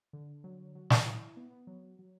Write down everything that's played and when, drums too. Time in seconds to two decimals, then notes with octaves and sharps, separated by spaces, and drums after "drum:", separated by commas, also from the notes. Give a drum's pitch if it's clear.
0.13 D3
0.44 F#3
0.75 F#3
0.90 drum: snare
1.06 E4
1.37 B3
1.67 F#3
1.99 F#3